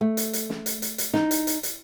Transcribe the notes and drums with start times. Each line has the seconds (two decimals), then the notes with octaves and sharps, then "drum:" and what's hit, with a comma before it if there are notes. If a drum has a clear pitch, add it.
0.01 A3
0.17 drum: hi-hat
0.33 drum: hi-hat
0.50 drum: snare
0.66 drum: hi-hat
0.82 drum: hi-hat
0.98 drum: hi-hat
1.14 D#4, drum: snare
1.31 drum: hi-hat
1.47 drum: hi-hat
1.63 drum: hi-hat